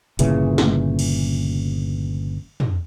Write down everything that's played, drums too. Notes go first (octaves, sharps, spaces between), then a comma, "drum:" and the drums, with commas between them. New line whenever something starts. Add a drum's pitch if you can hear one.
G1 A#2 C#3 E3, drum: hi-hat
drum: snare
drum: cymbal
drum: tom